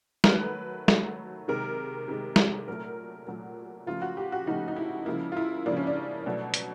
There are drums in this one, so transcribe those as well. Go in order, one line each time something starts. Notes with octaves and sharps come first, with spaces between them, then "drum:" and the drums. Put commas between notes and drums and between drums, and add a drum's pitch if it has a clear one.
A#4, drum: snare
D#3 F#3 A3 B4
D#3 F#3 A3, drum: snare
C3 D#3 G#3 A#4
C3 D#3 G#3
drum: snare
A#2 F#3 A3 A#4
A#2 F#3 A3
C#3 F3 A3 F4
F#4
G4
F#4
C#3 F3 A3 D#4
D#4
E4
C#3 F3 A#3 E4
F4
E4
C#3 F3 A#3 D4
C#4
D4
B2 F#3 A3
drum: hi-hat